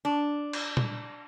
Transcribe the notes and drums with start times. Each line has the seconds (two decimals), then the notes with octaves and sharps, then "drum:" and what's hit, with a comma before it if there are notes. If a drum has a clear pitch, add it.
0.05 D4
0.53 drum: cymbal
0.77 drum: tom A#2